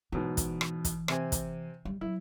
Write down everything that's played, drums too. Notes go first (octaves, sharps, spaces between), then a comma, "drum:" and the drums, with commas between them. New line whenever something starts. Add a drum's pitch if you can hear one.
G#2 B2 E3 F#3
drum: kick, hi-hat
drum: rim click
drum: kick, hi-hat
C3 C4 G#5, drum: rim click
drum: kick, hi-hat
G3
F#3 E4